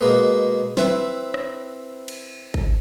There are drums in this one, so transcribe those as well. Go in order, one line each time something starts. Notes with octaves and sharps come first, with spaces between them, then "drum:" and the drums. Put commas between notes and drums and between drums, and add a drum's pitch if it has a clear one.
B2 G#3 A#3 B3
C4 E4 B4, drum: snare
drum: rim click
drum: cymbal
drum: kick G#1